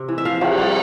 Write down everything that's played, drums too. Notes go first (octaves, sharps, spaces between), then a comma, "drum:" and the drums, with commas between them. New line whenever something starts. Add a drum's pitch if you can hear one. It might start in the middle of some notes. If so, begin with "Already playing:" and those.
Already playing: C3
E3
E5
F3 F5
F3, drum: cymbal
G3 F#5